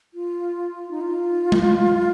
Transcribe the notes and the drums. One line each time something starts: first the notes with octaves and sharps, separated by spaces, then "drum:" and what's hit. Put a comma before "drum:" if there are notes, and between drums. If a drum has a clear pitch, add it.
F4
D#4
F4
drum: tom G#3